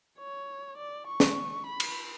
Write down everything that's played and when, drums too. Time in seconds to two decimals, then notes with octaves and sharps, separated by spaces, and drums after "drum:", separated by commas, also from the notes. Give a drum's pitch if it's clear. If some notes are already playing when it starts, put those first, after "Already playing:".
0.19 C#5
0.78 D5
1.07 C#6
1.20 drum: snare
1.67 B5
1.80 drum: cymbal